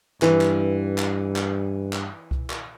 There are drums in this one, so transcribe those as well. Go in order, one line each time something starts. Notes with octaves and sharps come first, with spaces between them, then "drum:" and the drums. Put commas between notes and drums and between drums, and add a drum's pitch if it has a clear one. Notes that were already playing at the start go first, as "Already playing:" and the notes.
G2 E3, drum: clap
drum: clap
drum: clap
drum: clap
drum: clap
drum: kick C2
drum: clap